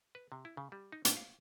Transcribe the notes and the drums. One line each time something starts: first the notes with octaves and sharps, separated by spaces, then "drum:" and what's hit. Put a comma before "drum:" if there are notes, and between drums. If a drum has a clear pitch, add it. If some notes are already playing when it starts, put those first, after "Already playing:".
B4
C3
E4
C#3
G3
D#4
A2, drum: hi-hat
F5